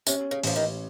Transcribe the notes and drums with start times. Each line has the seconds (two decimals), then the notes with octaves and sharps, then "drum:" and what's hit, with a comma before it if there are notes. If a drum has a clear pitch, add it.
0.07 C3 C#4, drum: tambourine
0.31 C#3
0.43 A1 F3, drum: open hi-hat
0.56 D#3